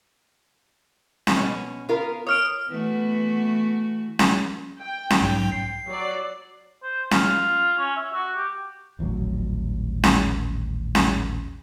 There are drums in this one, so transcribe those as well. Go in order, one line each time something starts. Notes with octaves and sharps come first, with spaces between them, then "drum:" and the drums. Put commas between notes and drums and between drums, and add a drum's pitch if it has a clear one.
drum: snare C#4
B2 C#4
B3 F4 A#4
C#5 D#6 F6 D7
E3 A3 B3 F#4
drum: snare C#4
G5
drum: snare C#4
B1 G#2 F#3
C7
F#3 D5
C5
F4, drum: snare C#4
C#4
E5
F#4
G4
D#1 A1 F2 F#3
drum: snare C#4
drum: snare C#4